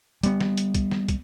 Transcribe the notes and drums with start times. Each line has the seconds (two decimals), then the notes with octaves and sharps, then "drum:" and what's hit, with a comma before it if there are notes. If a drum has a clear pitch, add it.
0.23 G3 B3, drum: hi-hat
0.40 drum: snare
0.57 drum: hi-hat
0.74 drum: kick, hi-hat
0.91 drum: snare
1.08 drum: kick, hi-hat